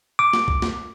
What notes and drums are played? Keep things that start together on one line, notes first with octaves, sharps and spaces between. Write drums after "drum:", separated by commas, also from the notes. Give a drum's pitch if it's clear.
D6
drum: snare A#3
drum: kick C2
drum: snare A#3